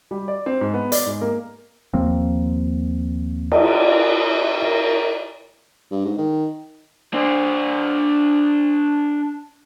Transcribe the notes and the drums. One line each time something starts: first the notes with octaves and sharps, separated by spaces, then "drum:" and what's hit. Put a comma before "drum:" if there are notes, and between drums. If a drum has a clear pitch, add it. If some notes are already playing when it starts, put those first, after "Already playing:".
G3
D5
C4
G#2
B3
D5, drum: hi-hat
G#2
A#3
D#2 F3 A#3 C4
drum: cymbal
A#4
G2
G#2
D#3
D4 C5